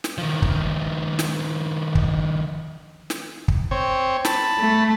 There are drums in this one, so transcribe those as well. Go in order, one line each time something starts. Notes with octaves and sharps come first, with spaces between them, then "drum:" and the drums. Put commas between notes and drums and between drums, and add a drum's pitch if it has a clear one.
drum: snare
D#3 F3
drum: kick
drum: snare
drum: kick
drum: snare
drum: kick
C4 C#5
A5 B5, drum: snare
A3